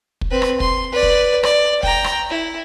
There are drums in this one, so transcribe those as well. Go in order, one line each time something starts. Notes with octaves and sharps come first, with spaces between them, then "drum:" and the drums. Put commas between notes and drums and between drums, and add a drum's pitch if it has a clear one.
drum: kick
C4 B4
drum: rim click
C6, drum: kick
B4 D5
drum: kick
D5, drum: rim click
G5 A#5, drum: kick
drum: rim click
E4